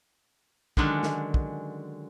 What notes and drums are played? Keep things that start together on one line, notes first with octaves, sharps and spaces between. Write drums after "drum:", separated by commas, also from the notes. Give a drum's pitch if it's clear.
D3 D#3 F#3 G#3 C#4 D4, drum: kick
drum: snare
drum: kick